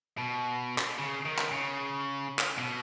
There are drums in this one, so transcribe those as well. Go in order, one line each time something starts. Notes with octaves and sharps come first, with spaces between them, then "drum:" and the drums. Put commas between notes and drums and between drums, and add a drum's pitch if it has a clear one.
B2
drum: clap
C#3
D#3
drum: clap
C#3
drum: clap
B2